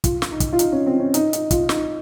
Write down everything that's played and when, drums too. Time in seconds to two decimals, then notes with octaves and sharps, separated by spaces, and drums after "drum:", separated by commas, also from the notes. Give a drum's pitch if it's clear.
0.04 F4, drum: kick, hi-hat
0.22 drum: snare
0.31 D#4
0.40 drum: kick, hi-hat
0.52 F4
0.59 D#4, drum: hi-hat
0.72 C#4
0.86 C4
1.00 C#4
1.14 D#4, drum: hi-hat
1.33 D#4, drum: hi-hat
1.51 F4, drum: kick, hi-hat
1.69 D#4, drum: snare